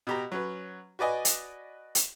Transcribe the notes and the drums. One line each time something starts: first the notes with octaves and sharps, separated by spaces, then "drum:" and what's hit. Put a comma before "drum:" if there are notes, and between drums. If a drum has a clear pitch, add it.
B2 G4 A#5
F#3 C#4 B4
F#4 B4 D5 D#5 G#5
drum: hi-hat
drum: hi-hat